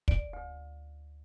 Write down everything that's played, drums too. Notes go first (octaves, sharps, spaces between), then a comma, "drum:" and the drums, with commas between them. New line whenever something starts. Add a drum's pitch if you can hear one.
D5, drum: kick
D2